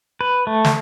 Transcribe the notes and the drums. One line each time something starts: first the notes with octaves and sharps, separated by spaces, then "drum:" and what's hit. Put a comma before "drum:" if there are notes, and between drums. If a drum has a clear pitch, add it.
B4
A3
drum: snare